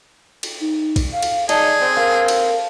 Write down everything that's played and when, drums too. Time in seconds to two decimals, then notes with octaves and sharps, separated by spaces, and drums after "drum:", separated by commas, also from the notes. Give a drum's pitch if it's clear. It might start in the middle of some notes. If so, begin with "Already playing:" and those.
0.43 drum: cymbal
0.61 D#4
0.96 drum: kick, cymbal
1.13 F5
1.22 drum: cymbal
1.49 D#4 G#4 D5 A5, drum: cymbal
1.81 C4
1.97 A#4 F5
2.28 drum: cymbal